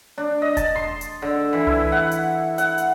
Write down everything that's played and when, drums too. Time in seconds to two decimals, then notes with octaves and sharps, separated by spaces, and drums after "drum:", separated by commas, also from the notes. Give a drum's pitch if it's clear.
0.18 D4
0.42 D#5
0.57 A5, drum: kick E1, hi-hat
0.75 C6
1.01 drum: hi-hat
1.22 D3
1.53 E3
1.67 E4, drum: tom C2
1.92 F#5
2.11 drum: hi-hat
2.58 F#5, drum: hi-hat
2.78 drum: hi-hat